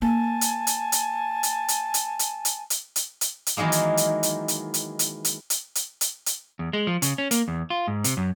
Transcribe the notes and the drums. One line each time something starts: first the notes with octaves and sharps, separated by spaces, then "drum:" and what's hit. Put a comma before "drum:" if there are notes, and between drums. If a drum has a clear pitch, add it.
A#3 G#5 A5
drum: hi-hat
drum: hi-hat
drum: hi-hat
drum: hi-hat
drum: hi-hat
drum: hi-hat
drum: hi-hat
drum: hi-hat
drum: hi-hat
drum: hi-hat
drum: hi-hat
drum: hi-hat
D#3 E3 F#3 G#3 A#3
drum: hi-hat
drum: hi-hat
drum: hi-hat
drum: hi-hat
drum: hi-hat
drum: hi-hat
drum: hi-hat
drum: hi-hat
drum: hi-hat
drum: hi-hat
drum: hi-hat
E2
G#3
F3
C#3, drum: hi-hat
C#4
A#3, drum: hi-hat
E2
F4
G#2
C3, drum: hi-hat
F#2